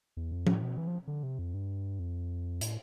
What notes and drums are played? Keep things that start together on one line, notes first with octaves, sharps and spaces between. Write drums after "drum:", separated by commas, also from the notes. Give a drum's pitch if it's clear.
E2
F2
A2, drum: tom F3
B2
E3
F3
D3
C3
F2
G2
F2
A2, drum: hi-hat